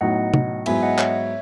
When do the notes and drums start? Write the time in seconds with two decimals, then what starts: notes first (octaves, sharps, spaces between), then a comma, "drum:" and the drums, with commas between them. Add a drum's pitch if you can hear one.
0.01 A2 F#3 B3 D#4 D#5 F#5
0.34 drum: tom C3
0.66 G#2 F#3 B3 E4 E5 G#5, drum: cymbal
0.83 D#5 F#5
0.98 C#5 E5, drum: clap